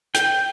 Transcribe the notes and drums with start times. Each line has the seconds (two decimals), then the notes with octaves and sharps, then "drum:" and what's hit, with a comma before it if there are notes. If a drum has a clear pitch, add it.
0.15 G5, drum: hi-hat